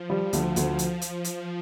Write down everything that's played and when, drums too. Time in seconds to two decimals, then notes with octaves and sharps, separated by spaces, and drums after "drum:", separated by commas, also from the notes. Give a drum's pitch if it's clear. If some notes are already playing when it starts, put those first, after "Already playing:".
Already playing: F3
0.10 G3
0.33 D2 F3, drum: hi-hat
0.56 D2, drum: hi-hat
0.79 drum: hi-hat
1.02 drum: hi-hat
1.24 drum: hi-hat